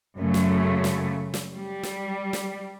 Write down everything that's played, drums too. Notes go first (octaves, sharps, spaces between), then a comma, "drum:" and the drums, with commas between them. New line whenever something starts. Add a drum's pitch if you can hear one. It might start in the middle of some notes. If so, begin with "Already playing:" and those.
F#2 C#3 A3
drum: snare
drum: snare
drum: snare
G3
drum: snare
drum: snare